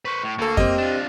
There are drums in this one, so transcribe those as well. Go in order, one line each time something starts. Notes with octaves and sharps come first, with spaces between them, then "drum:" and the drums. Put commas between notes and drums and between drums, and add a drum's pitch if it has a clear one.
B4 C5 C#6
A2
D2 A#3 A4
C4 G4 D#5, drum: kick F2
D4 F4